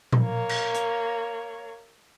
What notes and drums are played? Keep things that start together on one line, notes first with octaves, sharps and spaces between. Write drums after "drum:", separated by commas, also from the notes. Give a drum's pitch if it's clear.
drum: tom A#2
A#3 C#5
drum: cymbal
drum: hi-hat